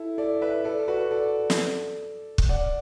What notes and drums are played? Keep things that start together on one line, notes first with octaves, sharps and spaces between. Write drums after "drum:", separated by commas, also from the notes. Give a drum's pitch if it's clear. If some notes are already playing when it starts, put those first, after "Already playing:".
Already playing: E4 A4
A4 D5
B4 E5
A4 D5
F#4 B4
A4 D5
drum: snare
drum: kick
D5 F#5